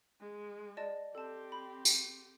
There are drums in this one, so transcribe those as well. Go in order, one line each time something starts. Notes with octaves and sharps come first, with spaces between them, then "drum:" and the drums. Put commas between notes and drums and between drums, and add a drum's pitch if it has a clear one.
G#3
D5 D#5 A5
C4 G4 A4 A5
B5
drum: tambourine